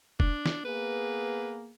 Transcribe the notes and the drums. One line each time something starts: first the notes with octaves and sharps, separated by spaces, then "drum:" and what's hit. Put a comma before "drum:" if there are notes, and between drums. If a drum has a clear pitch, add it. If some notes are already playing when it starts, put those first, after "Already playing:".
D4, drum: kick
drum: snare
A#3 B3 G#4 B4